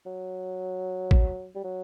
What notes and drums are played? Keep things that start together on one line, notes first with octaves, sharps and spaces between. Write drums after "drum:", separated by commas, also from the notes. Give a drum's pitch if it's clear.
F#3
drum: kick
G3
F#3